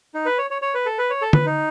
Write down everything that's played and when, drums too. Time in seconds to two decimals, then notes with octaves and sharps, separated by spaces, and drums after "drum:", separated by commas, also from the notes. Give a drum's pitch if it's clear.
0.14 D#4
0.26 B4
0.38 C#5
0.50 C#5
0.62 C#5
0.74 B4
0.86 A4
0.98 B4
1.10 C#5
1.22 A4
1.33 B4, drum: tom
1.46 D#4